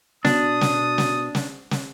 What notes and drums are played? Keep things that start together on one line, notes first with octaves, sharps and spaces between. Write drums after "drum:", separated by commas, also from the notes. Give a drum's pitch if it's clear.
B2 D4 D#6, drum: snare
drum: snare
drum: snare
drum: snare
drum: snare